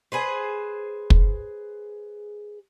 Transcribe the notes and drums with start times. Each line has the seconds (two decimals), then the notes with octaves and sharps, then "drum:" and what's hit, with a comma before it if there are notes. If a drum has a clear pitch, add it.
0.12 G#4 B4 C5
1.10 drum: kick